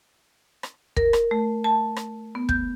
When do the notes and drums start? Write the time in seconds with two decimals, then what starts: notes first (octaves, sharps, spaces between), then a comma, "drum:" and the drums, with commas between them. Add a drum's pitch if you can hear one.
0.63 drum: rim click
0.97 A#4, drum: kick
1.13 drum: rim click
1.31 A3
1.64 A5
1.96 drum: rim click
2.35 B3
2.49 G6, drum: kick